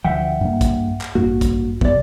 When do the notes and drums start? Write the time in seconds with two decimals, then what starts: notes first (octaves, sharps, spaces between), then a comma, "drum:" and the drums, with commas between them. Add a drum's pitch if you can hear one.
0.05 D2 F3 E5 F#5 G5
0.41 G2 A#3
0.61 drum: kick, hi-hat
1.01 drum: clap
1.15 A1 G2 A#3 F#4
1.41 drum: kick, hi-hat
1.81 F#1 C2 F#2 B3 D5, drum: kick